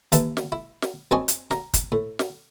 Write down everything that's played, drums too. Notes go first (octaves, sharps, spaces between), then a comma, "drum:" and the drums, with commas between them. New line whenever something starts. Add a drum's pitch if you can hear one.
D#2 E3 E4 B4 E5 A5, drum: hi-hat
drum: snare
E4
drum: snare
F#2 C4 D4 D#5 G#5 C#6
drum: hi-hat
A#5, drum: snare
drum: kick, hi-hat
A2
drum: snare